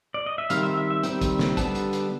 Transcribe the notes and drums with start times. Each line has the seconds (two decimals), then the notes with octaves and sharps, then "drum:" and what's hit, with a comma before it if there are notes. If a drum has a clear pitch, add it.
0.14 D5
0.26 D#5
0.38 E5
0.50 D#3 G3 C4 F5, drum: hi-hat
0.63 E5
0.77 E5
0.90 E5
1.03 D#3 G3 C4, drum: hi-hat
1.21 drum: kick, hi-hat
1.39 drum: snare
1.57 D3 G3 B3 A5, drum: kick, hi-hat
1.75 drum: hi-hat
1.93 drum: hi-hat